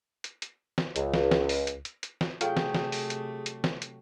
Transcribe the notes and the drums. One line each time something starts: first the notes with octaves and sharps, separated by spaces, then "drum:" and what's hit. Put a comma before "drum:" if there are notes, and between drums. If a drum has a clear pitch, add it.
drum: hi-hat
drum: hi-hat
drum: snare
C#2, drum: hi-hat
drum: snare
drum: snare
drum: open hi-hat
drum: hi-hat
drum: hi-hat
drum: hi-hat
drum: snare
C3 F#3 A3 F4 G#4 A4 F5 G5, drum: hi-hat
drum: snare
drum: snare
drum: open hi-hat
drum: hi-hat
drum: hi-hat
drum: snare
drum: hi-hat